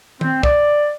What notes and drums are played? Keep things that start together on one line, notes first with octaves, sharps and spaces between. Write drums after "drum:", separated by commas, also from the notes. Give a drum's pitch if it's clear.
C4, drum: tom D#3
D5, drum: kick